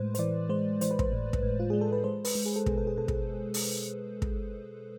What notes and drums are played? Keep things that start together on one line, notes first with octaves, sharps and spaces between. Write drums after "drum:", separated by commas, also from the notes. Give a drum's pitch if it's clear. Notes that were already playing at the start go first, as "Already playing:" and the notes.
Already playing: A2 G#3 B4 C5
C5, drum: hi-hat
E3 D5
G#3 C5
E3 C5, drum: hi-hat
B4
C5, drum: kick
A2
drum: kick
A2
F4
G#3 G#4
A4
B4
G#3 C5
B4, drum: open hi-hat
G#3
G#4
A4
B2 G#4, drum: kick
A4
G#4
B2 A4
G#4, drum: kick
drum: open hi-hat
drum: kick